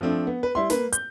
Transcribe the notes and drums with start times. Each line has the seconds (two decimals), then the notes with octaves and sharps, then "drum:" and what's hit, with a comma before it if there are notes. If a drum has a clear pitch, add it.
0.01 F3 A3 C4 D4
0.27 B3
0.43 B4
0.55 G3 E4 C6
0.70 A#3 B4, drum: snare
0.93 G6, drum: hi-hat